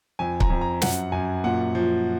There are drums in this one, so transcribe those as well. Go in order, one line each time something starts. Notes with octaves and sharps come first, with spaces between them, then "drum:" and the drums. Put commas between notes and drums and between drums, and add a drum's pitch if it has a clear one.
F2 G#5
A#5, drum: kick C#1
F2
A#5
F#2 F#5, drum: snare
F#2 G#5
A#2 F#5
F3